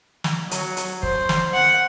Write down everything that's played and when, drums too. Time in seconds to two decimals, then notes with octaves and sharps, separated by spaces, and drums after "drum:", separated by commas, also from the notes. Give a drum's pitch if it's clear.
0.24 drum: snare
0.51 F#3, drum: hi-hat
0.77 drum: hi-hat
1.03 C5, drum: kick
1.29 drum: snare
1.54 F#5